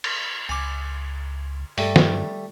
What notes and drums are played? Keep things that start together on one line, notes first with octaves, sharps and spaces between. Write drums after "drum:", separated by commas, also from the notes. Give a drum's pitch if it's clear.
drum: cymbal
C#2 G#5 D6
G2 G3 A3, drum: open hi-hat
drum: snare